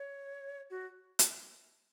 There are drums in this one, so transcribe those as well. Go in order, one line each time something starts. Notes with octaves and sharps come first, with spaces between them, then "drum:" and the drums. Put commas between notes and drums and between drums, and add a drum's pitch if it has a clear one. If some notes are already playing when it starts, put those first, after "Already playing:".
Already playing: C#5
F#4
drum: hi-hat